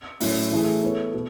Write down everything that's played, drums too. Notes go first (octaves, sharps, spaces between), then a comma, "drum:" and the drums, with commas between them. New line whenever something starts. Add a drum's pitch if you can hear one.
A2 F#3 C#4, drum: open hi-hat
E3 A3 E4 G#4
B3 E4 A4 C#5
B2